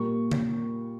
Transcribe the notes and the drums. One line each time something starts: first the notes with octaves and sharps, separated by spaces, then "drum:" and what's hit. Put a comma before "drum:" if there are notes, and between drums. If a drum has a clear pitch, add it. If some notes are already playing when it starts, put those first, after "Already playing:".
Already playing: A#2 G3 A#3 C#6
drum: tom C#3